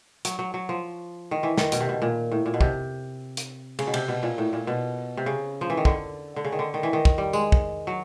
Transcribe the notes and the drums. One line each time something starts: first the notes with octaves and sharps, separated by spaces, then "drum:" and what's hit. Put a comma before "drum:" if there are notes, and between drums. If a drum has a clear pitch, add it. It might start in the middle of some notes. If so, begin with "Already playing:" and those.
F#3, drum: hi-hat
F#3
F#3
F3
D#3
E3
D#3, drum: snare
B2, drum: hi-hat
C3
B2
A#2
A2
A#2
B2
C3, drum: kick
drum: hi-hat
C#3, drum: cymbal
B2
C3, drum: cymbal
B2
A#2
A2
A#2
B2
C3
C#3
F3
E3
D#3
D3, drum: kick
D3
C#3
D#3
D3
D#3
E3
D#3
drum: kick
G3
G#3, drum: tambourine
drum: kick
F#3